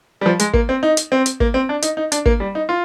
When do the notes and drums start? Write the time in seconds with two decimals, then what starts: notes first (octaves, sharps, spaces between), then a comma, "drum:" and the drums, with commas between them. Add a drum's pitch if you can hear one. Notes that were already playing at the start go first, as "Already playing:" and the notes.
0.21 G3
0.26 F3
0.39 G#3, drum: hi-hat
0.54 A#3, drum: kick
0.69 C4
0.83 D#4
0.97 drum: hi-hat
1.12 C4
1.26 drum: hi-hat
1.40 A#3, drum: kick
1.54 C4
1.69 D4
1.82 D#4, drum: hi-hat
1.97 D#4
2.12 D4, drum: hi-hat
2.26 A#3, drum: kick
2.40 G3
2.55 D#4
2.69 F4